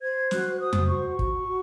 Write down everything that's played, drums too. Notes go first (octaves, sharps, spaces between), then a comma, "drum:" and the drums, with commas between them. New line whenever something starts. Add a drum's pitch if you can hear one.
C5 G#6
F#4 F#6, drum: snare
C5 D#6
drum: tom F2
F#4 C#6
F#4, drum: kick
F#4